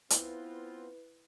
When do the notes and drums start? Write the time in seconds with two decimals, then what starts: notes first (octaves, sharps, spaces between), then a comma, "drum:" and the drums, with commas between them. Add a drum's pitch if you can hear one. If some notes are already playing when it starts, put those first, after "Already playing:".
0.10 B3 C4 E4 F4 B4, drum: hi-hat